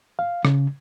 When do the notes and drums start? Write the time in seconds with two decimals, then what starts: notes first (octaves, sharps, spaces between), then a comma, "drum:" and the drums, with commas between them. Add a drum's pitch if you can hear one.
0.19 F5
0.45 C#3, drum: rim click